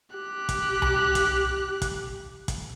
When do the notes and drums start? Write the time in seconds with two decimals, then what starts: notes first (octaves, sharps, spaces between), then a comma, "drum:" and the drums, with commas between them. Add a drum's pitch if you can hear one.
0.15 G4 F#6
0.49 drum: kick, hi-hat
0.82 drum: tom C2
1.15 drum: kick, hi-hat
1.82 drum: kick, hi-hat
2.48 drum: kick, hi-hat